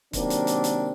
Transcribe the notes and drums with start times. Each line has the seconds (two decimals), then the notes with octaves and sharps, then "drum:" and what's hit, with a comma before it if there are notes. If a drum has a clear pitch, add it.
0.13 C3 D#3 F#3 A#3 C4 D4, drum: kick, hi-hat
0.30 drum: hi-hat
0.47 drum: hi-hat
0.64 drum: hi-hat